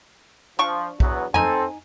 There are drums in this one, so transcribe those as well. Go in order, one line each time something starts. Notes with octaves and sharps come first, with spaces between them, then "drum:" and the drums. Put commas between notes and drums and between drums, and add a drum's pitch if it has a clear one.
F3 D4 C#6
E2 F#3 B3, drum: kick
C4 D#4 A4 G#5, drum: tom F2